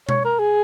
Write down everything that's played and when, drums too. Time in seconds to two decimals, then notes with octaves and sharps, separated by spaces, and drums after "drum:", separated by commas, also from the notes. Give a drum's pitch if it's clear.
0.09 C#5, drum: tom B2
0.25 A#4
0.39 G#4